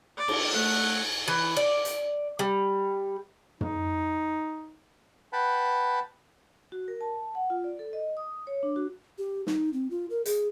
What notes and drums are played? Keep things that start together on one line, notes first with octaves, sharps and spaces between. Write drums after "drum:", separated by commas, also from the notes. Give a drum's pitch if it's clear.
D5
drum: cymbal
A3 F#5
E3
D5
drum: hi-hat
G3
D#4, drum: tom
B4 F#5 G5 A5 B5
F#4
A#4
A5
F#5
F4
D5
A4
D#5
D#6
C#5
D4
F#4
G4
D#4, drum: snare
C4
F4
A#4
G#4, drum: hi-hat